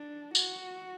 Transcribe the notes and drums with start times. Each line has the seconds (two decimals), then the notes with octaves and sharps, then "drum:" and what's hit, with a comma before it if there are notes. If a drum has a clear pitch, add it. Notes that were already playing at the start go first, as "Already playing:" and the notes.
Already playing: D4
0.35 F#4, drum: tambourine